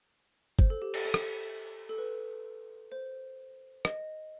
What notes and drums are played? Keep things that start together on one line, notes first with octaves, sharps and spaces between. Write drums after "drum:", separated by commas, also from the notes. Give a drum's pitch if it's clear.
C5, drum: kick G1
A4
G4
A4, drum: cymbal
A4
drum: rim click
A4
B4
C5
D#5, drum: rim click